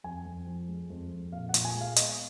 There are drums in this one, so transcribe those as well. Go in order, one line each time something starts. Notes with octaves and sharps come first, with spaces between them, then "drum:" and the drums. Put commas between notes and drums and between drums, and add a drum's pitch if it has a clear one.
F2 G#5
F2
F3
G#3
F2
F2
A#2 F5
F#5
A#2, drum: hi-hat
G#5
G#3
F5
B3 D#5, drum: hi-hat